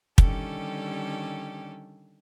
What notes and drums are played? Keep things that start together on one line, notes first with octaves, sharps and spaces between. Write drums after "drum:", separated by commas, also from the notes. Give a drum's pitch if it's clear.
D3 D#3 G3 C#4 G4 A4, drum: kick